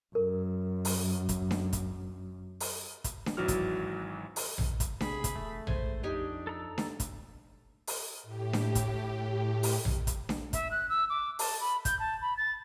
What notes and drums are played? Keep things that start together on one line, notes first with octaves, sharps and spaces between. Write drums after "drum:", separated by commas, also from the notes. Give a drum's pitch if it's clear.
F#2 A#4
drum: open hi-hat
drum: kick, hi-hat
drum: snare D4
drum: kick, hi-hat
drum: open hi-hat
drum: kick, hi-hat
drum: snare D4
G#1 E3 F#3 F#4 F6
drum: kick, hi-hat
drum: open hi-hat
drum: tom A#1
drum: kick, hi-hat
C3 G#4 B5, drum: snare D4
drum: kick, hi-hat
E1 A3
G#1 C5 G#5, drum: tom A#1
F2 D4 D#4 G4 G#5
A4 A#5 E6
drum: snare D4
drum: kick, hi-hat
drum: open hi-hat
A2 G4
drum: snare D4
drum: kick, hi-hat
drum: open hi-hat
drum: tom A#1
drum: kick, hi-hat
drum: snare D4
E5, drum: kick, hi-hat
F#6
E6
D6
A5, drum: open hi-hat
B5
G6, drum: kick, hi-hat
A5
B5
A6